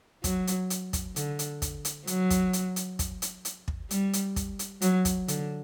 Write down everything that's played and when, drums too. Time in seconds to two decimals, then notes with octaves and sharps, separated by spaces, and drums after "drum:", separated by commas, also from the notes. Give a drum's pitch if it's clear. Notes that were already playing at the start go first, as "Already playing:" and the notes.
0.24 F#3, drum: kick, hi-hat
0.47 drum: hi-hat
0.70 drum: hi-hat
0.93 drum: kick, hi-hat
1.16 D3, drum: hi-hat
1.39 drum: hi-hat
1.62 drum: kick, hi-hat
1.85 drum: hi-hat
2.07 F#3, drum: hi-hat
2.30 drum: kick, hi-hat
2.53 drum: hi-hat
2.76 drum: hi-hat
2.99 drum: kick, hi-hat
3.22 drum: hi-hat
3.45 drum: hi-hat
3.68 drum: kick
3.91 G3, drum: hi-hat
4.13 drum: hi-hat
4.36 drum: kick, hi-hat
4.59 drum: hi-hat
4.82 F#3, drum: hi-hat
5.05 drum: kick, hi-hat
5.28 D3, drum: hi-hat